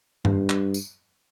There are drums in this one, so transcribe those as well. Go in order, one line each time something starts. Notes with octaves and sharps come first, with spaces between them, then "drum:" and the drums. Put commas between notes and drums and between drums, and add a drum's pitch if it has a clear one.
G2, drum: tom G2
drum: clap
drum: tambourine